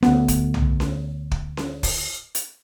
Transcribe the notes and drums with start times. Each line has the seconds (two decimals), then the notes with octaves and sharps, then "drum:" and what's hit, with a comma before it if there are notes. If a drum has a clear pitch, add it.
0.03 D2 B3, drum: snare C#4
0.28 drum: kick, hi-hat
0.54 drum: tom
0.80 drum: snare C#4
1.31 drum: kick
1.57 drum: snare C#4
1.83 drum: kick, open hi-hat
2.35 drum: hi-hat